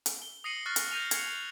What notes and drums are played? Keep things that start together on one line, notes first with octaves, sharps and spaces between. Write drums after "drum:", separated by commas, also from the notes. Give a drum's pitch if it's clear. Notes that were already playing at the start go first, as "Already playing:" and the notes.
drum: hi-hat
G7
D#6 A#6 C7 C#7 D#7 F#7
C#6 F6 F#6 A6 A#6 C7
drum: hi-hat
G6 A#6 D#7 F7
G#6 C#7, drum: hi-hat